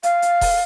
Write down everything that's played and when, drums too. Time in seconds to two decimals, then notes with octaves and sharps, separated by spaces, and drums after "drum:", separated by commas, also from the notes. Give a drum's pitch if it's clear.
0.03 F5, drum: hi-hat
0.22 drum: hi-hat
0.41 drum: kick E1, open hi-hat